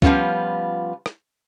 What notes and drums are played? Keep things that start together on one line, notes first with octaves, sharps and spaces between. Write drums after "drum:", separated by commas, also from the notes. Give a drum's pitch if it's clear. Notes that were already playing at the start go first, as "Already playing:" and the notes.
F3 G3 A3 B3 C#4 F4, drum: kick
drum: rim click